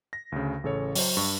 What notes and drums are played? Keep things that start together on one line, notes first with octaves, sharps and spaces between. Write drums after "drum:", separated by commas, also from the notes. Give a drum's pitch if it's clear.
A#6
D2 C#3
A1 C#3 A4 C#5
F#3 C5, drum: open hi-hat
G2 C#6